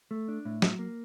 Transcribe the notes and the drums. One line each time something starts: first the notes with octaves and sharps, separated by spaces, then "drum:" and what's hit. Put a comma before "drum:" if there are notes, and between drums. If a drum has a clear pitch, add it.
A3
D4
A2
F#3, drum: snare
A#3